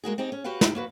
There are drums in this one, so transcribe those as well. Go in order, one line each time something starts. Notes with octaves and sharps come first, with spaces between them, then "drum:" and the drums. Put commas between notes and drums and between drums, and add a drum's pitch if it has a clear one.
G#3 A#3 F#4 G#4
C4 D#4 G4 G#4
C#4
F#4 G4 B4 F5 F#5
D#4 E4 G4, drum: snare
A#3 F#4 B4